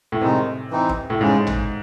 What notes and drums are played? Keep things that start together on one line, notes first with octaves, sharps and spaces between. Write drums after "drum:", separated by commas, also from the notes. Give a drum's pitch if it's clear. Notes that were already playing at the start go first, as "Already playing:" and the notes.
A2
C3 D#3 G#3 D#4
E3 C4 D#4
drum: kick
A2
G#2 C#3 G#3 C#4
drum: tom